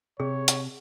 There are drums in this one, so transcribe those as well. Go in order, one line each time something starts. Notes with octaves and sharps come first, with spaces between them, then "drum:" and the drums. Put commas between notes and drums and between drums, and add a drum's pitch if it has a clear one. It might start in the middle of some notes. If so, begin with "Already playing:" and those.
C3 G#4 C#5
drum: hi-hat